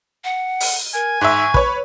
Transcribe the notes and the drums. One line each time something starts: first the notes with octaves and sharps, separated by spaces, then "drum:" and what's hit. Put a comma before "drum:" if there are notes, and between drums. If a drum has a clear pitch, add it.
F#5
drum: open hi-hat
A#4 G#5
G#2 E5 C#6
B4 C#5, drum: kick